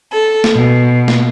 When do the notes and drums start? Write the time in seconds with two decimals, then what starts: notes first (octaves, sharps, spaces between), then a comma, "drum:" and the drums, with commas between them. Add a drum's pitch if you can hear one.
0.12 A4
0.44 drum: snare
0.55 B2
1.08 drum: snare